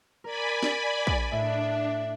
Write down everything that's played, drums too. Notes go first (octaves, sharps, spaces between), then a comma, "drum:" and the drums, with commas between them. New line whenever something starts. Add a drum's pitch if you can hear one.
A#4 D5 G#5 B5
drum: snare
drum: kick
A2 D4 D#5 E5